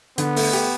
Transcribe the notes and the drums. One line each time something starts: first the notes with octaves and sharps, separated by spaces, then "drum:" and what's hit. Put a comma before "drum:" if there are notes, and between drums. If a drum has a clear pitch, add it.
D3 B3, drum: hi-hat
A3, drum: open hi-hat
G4, drum: hi-hat